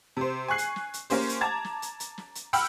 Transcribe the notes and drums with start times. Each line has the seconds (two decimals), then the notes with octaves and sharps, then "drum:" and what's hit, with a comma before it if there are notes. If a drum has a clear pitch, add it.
0.17 C3 C5
0.48 G#5 C#6 F#6 C7
0.58 drum: hi-hat
0.76 drum: snare
0.94 drum: hi-hat
1.10 A#3 C#4 G4 C5, drum: open hi-hat
1.29 drum: hi-hat
1.41 A5 A#5 D6 G#6 A6
1.64 drum: snare
1.82 drum: hi-hat
2.00 drum: hi-hat
2.18 drum: snare
2.35 drum: hi-hat
2.53 F#5 G5 B5 E6 F6, drum: open hi-hat